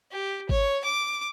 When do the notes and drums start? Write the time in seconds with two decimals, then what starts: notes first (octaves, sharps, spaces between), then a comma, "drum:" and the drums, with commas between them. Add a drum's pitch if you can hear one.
0.11 G4
0.49 C#5, drum: kick G#1
0.84 D6